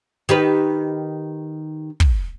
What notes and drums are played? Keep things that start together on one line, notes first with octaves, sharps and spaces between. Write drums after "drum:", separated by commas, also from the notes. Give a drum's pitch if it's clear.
D#3 G4 B4
drum: kick